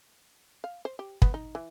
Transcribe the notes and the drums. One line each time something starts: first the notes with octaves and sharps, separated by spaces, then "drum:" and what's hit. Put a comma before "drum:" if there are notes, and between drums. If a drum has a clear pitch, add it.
F5
C5
G4
B3, drum: kick
D#4
E3